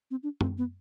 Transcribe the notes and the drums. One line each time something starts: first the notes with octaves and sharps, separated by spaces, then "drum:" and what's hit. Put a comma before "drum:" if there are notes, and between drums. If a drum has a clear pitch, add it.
C4
D4
C4, drum: tom F#2
B3